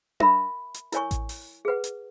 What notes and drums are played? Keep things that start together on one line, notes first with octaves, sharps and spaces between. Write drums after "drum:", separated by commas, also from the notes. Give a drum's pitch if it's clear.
A#4 E5 B5, drum: tom D4
drum: hi-hat
E4 A#4 C#5 G#5 C#6, drum: hi-hat
drum: kick A1, hi-hat
drum: open hi-hat
G#4 B4 F#5
drum: hi-hat